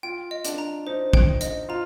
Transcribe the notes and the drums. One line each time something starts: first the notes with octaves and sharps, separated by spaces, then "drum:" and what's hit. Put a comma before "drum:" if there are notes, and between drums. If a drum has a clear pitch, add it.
F4 G5
D#5
D4, drum: hi-hat
A#5
D#4 C5
G5, drum: kick
D#5, drum: hi-hat
F4 A#5